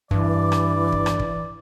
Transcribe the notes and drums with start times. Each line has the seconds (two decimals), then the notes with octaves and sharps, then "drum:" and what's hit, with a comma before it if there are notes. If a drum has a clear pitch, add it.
0.11 G2 E3 D5, drum: kick
0.52 drum: rim click
0.92 drum: kick
1.06 drum: rim click
1.19 drum: kick